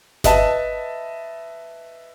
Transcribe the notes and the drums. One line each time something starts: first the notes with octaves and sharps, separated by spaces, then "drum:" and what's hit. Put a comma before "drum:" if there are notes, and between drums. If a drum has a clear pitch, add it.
B4 D#5 E5 A5, drum: snare G1